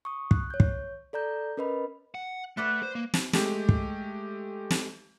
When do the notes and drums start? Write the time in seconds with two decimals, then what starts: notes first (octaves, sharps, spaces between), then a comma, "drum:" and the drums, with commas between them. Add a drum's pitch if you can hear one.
0.05 C#6 D#6
0.31 F#6, drum: kick
0.50 C#5 G6
0.60 drum: kick
1.13 A4 D5 A#5 G6
1.57 C#4 A#4 B4 D#5 B5
2.15 F#5
2.57 A3 B4 D5 F#5
2.83 C5
2.95 A#3
3.14 drum: snare
3.33 G#3 A3 G4, drum: snare
3.69 drum: kick
4.71 drum: snare